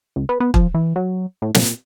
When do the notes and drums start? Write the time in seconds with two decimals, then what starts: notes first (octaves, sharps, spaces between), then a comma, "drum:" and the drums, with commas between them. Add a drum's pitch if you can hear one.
0.16 C#2
0.29 B3
0.40 B3
0.54 F3, drum: kick
0.74 E3
0.96 F#3
1.42 A2
1.54 A#2, drum: snare